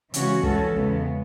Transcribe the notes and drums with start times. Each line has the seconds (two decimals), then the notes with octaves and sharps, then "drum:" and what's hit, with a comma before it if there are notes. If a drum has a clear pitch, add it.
0.14 C#3 E3 G#3 C#4 F#4, drum: hi-hat
0.43 E3 G#3 C#4 F#4 A4, drum: kick
0.73 E2 C#3 G#3 B3